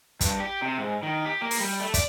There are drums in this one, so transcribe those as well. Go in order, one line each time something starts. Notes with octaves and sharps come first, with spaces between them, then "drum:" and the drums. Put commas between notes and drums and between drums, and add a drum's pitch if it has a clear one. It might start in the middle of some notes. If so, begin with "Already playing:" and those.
G2, drum: kick, hi-hat
G4
C3
G#2
D#3
G4
A#3
drum: open hi-hat
G3
A3
D5, drum: kick, hi-hat